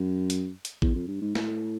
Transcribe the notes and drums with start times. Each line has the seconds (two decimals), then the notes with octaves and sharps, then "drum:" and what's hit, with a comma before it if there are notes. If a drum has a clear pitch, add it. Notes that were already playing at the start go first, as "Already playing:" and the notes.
Already playing: F#2
0.30 drum: hi-hat
0.65 drum: hi-hat
0.82 E2, drum: kick A1
0.95 F2
1.08 G2
1.22 G#2
1.35 A2, drum: snare